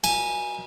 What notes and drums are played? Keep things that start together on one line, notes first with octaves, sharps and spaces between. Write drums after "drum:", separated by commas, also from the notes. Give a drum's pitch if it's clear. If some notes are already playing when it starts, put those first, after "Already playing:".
G#5, drum: cymbal